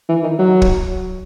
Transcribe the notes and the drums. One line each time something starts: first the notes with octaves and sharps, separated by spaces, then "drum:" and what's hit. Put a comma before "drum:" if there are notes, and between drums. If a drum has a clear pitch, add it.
E3
D#3
F#3
drum: kick